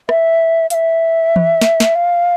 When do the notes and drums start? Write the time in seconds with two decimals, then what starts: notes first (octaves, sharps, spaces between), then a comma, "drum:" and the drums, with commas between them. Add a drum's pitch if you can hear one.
0.09 E5, drum: rim click
0.70 F5, drum: hi-hat
0.74 E5
1.36 drum: tom E3
1.61 drum: snare
1.80 drum: snare
1.95 F5